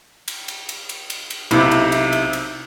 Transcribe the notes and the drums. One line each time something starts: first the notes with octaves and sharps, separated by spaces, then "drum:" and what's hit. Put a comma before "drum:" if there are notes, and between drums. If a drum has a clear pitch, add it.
drum: cymbal
drum: cymbal
drum: cymbal
drum: cymbal
drum: cymbal
drum: cymbal
B1 C3 E4, drum: cymbal
drum: cymbal
drum: cymbal
drum: cymbal
drum: cymbal